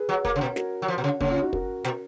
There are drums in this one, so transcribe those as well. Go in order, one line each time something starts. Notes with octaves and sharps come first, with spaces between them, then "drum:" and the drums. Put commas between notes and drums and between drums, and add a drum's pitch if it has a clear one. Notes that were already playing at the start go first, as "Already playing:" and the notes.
Already playing: G#4 B4
F#3
A#3, drum: kick
C#3
B2
F#4 A#4, drum: snare
F#3
F3
B2
C#3
C#3 A#3 C#4, drum: kick
C#4 F4
D#4 F#4
F#4 A#4, drum: kick
B2, drum: snare